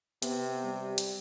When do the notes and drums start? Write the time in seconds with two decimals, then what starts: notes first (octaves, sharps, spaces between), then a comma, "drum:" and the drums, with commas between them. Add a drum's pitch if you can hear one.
0.22 C3 B3, drum: hi-hat
0.64 G3
0.98 drum: hi-hat